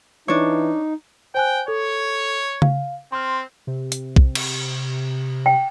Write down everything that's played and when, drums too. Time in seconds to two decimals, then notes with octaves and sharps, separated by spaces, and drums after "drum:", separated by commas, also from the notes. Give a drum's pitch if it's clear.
0.28 E3 D4 D#4 C#5
1.35 C5 G5 G#5 F#6
1.68 A4 C#5
2.62 F5, drum: tom C#3
3.12 C4 C6 F6
3.67 C3
3.92 drum: hi-hat
4.16 drum: kick B1
4.35 drum: cymbal
5.46 G5